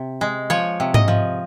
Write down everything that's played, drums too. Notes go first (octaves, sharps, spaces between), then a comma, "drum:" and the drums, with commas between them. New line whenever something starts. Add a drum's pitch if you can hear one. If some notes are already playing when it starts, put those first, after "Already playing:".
Already playing: C3
G#3
F3 C#5
C3
D#5, drum: tom G#2
F3